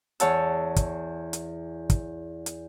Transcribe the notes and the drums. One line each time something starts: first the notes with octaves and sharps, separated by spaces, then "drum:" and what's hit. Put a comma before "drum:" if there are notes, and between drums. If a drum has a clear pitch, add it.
E2 C#5 F#5 A5 E6, drum: hi-hat
drum: kick, hi-hat
drum: hi-hat
drum: kick, hi-hat
drum: hi-hat